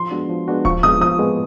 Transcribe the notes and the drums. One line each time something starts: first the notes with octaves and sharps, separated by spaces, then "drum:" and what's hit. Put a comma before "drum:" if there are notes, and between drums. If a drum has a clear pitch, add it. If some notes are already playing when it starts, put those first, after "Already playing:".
Already playing: F3 C6
G#3 B3 D4 F#4
F3
G#3 B3 D4 F#4
F3 C#6, drum: kick D1
G#3 B3 D#6
F3 D#6
G#3 B3